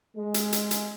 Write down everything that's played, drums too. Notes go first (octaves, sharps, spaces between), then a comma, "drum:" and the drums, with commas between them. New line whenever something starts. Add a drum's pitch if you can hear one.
G#3
drum: hi-hat
drum: hi-hat
drum: hi-hat